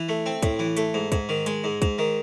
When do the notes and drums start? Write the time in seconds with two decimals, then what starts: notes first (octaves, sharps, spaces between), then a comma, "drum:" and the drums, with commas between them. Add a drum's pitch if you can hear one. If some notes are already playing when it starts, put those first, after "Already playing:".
Already playing: E3
0.09 A3
0.26 C4
0.43 A2, drum: kick, hi-hat
0.59 E3
0.77 A3, drum: hi-hat
0.94 G#2
1.12 G#2, drum: kick, hi-hat
1.29 D#3
1.46 G#3, drum: hi-hat
1.64 G#2
1.82 G#2, drum: kick, hi-hat
1.98 D#3